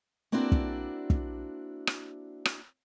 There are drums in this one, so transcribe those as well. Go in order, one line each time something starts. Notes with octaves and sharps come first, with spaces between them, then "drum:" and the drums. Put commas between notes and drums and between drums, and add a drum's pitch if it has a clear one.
A#3 C4 D4 E4 F#4 D5
drum: kick
drum: kick
drum: rim click
drum: rim click